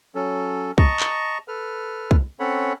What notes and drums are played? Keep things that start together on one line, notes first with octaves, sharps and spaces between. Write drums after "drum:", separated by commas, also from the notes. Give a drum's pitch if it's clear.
F#3 C#4 A4
D#5 A5 A#5 C#6, drum: kick C2
drum: clap
A4 B4 F6
drum: kick C2
C4 C#4 A4 C#5 F#5 B5